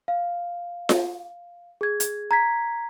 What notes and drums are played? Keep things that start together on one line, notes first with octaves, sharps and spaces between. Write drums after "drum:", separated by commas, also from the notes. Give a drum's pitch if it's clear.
F5
drum: snare F4
G#4 G#6
drum: hi-hat
A#5 G#6 B6